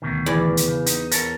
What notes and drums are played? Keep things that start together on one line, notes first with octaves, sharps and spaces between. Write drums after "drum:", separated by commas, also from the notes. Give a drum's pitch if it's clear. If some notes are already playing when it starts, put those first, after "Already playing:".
D2 B2 D#3
E2 D5
drum: hi-hat
C#3
D#4, drum: hi-hat
A#4 C#5 A5, drum: hi-hat